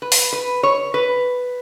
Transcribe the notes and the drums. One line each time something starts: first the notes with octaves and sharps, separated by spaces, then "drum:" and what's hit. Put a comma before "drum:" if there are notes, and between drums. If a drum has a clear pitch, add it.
B4
drum: open hi-hat
B4
C#5
B4